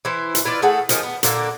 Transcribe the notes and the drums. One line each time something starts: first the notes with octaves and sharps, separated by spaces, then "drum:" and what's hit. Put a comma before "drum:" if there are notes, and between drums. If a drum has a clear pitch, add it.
E3 E4 C5
drum: hi-hat
E4 F4 B4 D5
A3 G#4 A4 F#5
D#3 F3 C#4, drum: hi-hat
B3
A#2 D3 A#3, drum: hi-hat